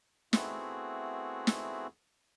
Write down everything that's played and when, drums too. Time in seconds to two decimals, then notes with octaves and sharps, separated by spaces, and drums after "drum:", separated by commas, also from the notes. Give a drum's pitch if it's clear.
0.33 A3 B3 C4 E4 F#4 G#4, drum: snare
1.47 drum: snare